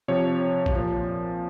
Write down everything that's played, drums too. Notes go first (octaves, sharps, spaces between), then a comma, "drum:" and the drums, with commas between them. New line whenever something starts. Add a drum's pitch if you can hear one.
C3 F3 C#5
drum: kick A#1
A#2 F3